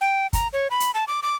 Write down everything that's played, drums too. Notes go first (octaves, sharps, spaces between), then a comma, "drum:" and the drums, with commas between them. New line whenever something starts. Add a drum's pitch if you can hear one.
G5
A#5, drum: kick, hi-hat
C#5
B5
drum: hi-hat
A5
D6
D6